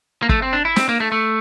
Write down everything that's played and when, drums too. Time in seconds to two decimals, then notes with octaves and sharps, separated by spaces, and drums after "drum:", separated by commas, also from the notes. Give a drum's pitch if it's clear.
0.22 A#3
0.29 A3, drum: kick
0.42 C4
0.53 D4
0.65 E4
0.76 C4, drum: snare
0.89 A#3
1.00 A3
1.12 A3